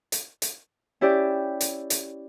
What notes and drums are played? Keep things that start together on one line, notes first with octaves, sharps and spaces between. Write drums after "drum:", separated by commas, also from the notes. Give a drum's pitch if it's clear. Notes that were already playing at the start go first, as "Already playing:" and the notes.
drum: hi-hat
drum: hi-hat
C#4 E4 G4 D5
drum: hi-hat
drum: hi-hat